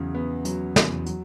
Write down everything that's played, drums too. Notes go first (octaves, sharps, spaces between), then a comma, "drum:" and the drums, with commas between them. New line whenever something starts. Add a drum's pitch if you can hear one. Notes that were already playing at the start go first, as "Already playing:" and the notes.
Already playing: E2 C#3 F#3
B3
F#3, drum: hi-hat
E2, drum: snare
F#3, drum: hi-hat